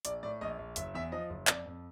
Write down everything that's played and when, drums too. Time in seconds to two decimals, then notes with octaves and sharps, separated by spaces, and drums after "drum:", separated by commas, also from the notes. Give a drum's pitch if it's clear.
0.05 A#1 D5, drum: hi-hat
0.23 A2 D5
0.41 A#1 D#5
0.58 A#1
0.76 F#1 E5, drum: hi-hat
0.94 E2 E5
1.12 F3 D#5
1.30 F#1
1.47 F2 D5, drum: clap
1.66 F2